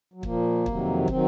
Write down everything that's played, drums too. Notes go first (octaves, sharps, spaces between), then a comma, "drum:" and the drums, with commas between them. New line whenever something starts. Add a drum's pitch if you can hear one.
F#3
A#2 F3 A#3, drum: kick
F2 C3 D#3 F#3, drum: kick
D#3 F#3 C4, drum: kick